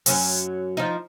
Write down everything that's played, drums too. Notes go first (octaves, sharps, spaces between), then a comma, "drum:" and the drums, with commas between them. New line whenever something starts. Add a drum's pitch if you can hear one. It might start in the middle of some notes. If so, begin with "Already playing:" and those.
F#2 F#3 C#4, drum: open hi-hat
F3 D#4